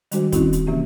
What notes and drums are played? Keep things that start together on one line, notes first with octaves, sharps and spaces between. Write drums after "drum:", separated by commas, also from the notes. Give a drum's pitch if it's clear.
D#3 G3 G#3 D4 F#4 C5, drum: hi-hat
D#3 C4 C#4 D#4 E4 F#4, drum: kick, hi-hat
drum: hi-hat
C3 E3 A#3 C#4 G4